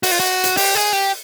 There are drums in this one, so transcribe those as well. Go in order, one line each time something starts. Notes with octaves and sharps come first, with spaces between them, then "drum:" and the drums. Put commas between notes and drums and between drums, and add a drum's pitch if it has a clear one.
F#4, drum: open hi-hat
F4
F#4
drum: hi-hat
G4, drum: open hi-hat
G#4
G4